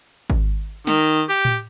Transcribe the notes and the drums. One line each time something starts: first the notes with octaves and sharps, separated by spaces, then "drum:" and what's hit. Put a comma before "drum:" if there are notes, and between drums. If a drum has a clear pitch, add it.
drum: kick G#1
D#3, drum: snare
G4
drum: tom A2